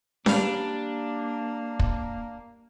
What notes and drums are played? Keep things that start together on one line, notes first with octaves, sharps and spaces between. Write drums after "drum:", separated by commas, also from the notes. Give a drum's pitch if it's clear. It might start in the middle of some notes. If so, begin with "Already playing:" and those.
G3 A#3 D4 F5, drum: snare C#4
drum: kick